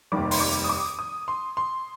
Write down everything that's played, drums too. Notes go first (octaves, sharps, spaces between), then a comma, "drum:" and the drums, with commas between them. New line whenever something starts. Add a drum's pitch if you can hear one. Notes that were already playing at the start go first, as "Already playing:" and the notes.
F1 D#2 D#3 G3 D6
C6, drum: open hi-hat
D6
D#6
D6
D#6
C6
C6